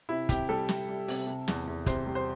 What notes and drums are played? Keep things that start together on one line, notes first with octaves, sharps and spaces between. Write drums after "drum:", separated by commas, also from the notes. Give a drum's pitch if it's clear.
C3 E4
C3 G4, drum: kick, hi-hat
G3 A4
G3, drum: snare
G3
C3, drum: open hi-hat
C3
E2, drum: snare
E2
C3 C5, drum: kick, hi-hat
G3
C5